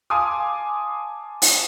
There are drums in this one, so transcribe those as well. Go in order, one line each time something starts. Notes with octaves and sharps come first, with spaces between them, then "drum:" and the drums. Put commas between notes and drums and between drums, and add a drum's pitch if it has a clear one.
F5 G#5 A5 C6 D6 D#6
drum: open hi-hat